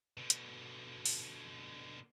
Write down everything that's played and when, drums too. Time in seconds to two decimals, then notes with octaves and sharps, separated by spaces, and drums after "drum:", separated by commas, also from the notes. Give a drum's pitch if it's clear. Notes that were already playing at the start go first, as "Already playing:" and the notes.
0.17 B2 D3
0.30 drum: hi-hat
1.06 drum: open hi-hat